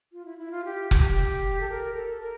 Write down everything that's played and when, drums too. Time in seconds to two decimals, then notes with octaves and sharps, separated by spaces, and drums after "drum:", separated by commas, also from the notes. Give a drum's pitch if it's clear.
0.13 F4
0.25 E4
0.38 E4
0.51 F4
0.65 G4
0.91 G4, drum: kick F1
1.60 A4
1.69 A#4
1.95 A4
2.21 A#4